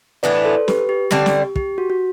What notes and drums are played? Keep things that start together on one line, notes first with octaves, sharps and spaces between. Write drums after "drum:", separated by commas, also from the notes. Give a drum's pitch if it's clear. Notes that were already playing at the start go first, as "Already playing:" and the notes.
A2 E3 B3 D4 B4 D5
A4 C5
G4 B4, drum: snare
G4
D3 G3 C4, drum: snare
drum: snare
G4, drum: kick
F#4
F#4